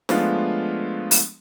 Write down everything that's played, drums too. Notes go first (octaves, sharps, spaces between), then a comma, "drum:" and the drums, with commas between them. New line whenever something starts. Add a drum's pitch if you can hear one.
F3 G#3 A3 B3 D4 F4, drum: snare
drum: open hi-hat